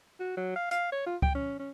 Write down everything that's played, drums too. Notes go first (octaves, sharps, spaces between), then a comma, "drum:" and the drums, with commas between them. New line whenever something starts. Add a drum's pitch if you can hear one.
F#4
F#3
F5
F5, drum: hi-hat
C#5
F4
G5, drum: kick C#2
C#4
C#4